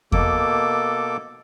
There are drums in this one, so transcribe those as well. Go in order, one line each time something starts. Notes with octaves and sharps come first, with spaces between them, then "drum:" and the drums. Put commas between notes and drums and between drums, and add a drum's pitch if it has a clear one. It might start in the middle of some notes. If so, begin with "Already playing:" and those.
B2 A#3 A4 D6, drum: kick E2